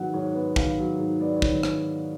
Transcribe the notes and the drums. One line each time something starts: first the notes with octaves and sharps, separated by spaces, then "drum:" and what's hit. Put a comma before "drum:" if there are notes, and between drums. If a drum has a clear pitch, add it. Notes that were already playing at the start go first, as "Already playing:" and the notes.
Already playing: G#2 D#3 F#3 B3 F#5
G#2 C#5
B3
D#3 F5, drum: kick
F#3
G#2
B3 D5
C#5
D#3, drum: kick
drum: rim click